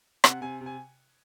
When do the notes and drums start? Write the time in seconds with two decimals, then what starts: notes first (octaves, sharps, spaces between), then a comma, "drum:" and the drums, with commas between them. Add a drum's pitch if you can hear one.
0.24 C3 F#5, drum: rim click
0.41 C3 G#5
0.60 C3
0.66 G#5